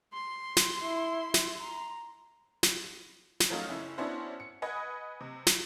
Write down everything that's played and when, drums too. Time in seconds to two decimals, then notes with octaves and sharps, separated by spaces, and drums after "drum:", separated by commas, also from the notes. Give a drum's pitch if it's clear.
0.14 C6
0.57 drum: snare
0.82 E4
1.34 drum: snare
1.59 A#5
2.63 drum: snare
3.40 drum: snare
3.50 F3 F#3 A3 C#4 D#4 F4
3.68 F#1 C#4 E4
3.98 B3 C#4 D4 E4 F#4 C5
4.40 C#7
4.62 B4 D#5 F#5 G#5 D#6 G#6
5.21 C3
5.47 drum: snare